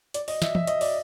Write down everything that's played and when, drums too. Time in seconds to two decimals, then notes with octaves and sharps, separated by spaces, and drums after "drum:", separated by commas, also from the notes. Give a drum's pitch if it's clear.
0.14 D5, drum: hi-hat
0.28 D#5, drum: open hi-hat
0.42 E5, drum: snare
0.55 E5, drum: tom E3
0.67 D#5, drum: hi-hat
0.81 D5, drum: open hi-hat